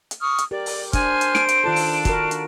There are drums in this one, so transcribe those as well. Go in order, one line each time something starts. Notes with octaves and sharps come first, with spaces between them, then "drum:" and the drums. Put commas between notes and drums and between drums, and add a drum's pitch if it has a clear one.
drum: hi-hat
C#6 D#6 F6
drum: hi-hat
G4 A#4 D5
drum: open hi-hat
D4 C5 G#5 F6, drum: kick, hi-hat
drum: hi-hat
D7, drum: snare
drum: hi-hat
D#3 D4 F4 A4 A5
drum: open hi-hat
F#4 A#4, drum: kick, hi-hat
drum: hi-hat